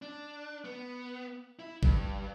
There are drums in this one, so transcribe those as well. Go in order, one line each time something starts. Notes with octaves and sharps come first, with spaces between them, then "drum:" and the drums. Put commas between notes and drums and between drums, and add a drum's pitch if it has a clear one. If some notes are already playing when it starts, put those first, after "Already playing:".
D4
B3
E4
G2, drum: kick G#1